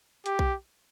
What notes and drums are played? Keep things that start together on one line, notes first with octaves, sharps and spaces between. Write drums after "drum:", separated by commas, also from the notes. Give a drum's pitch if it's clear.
G4, drum: hi-hat
drum: kick B1